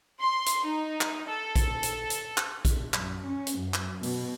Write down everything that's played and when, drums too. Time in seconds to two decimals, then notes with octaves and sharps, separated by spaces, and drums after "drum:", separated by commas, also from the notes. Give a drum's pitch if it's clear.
0.20 C6
0.46 drum: hi-hat
0.65 D#4
1.01 drum: clap
1.28 A4
1.56 drum: kick A#1, hi-hat
1.83 drum: hi-hat
2.10 drum: hi-hat
2.37 drum: clap
2.65 drum: kick A#1, hi-hat
2.94 F#2, drum: clap
3.28 C#4
3.47 drum: hi-hat
3.58 F#2
3.74 drum: clap
4.03 B2, drum: open hi-hat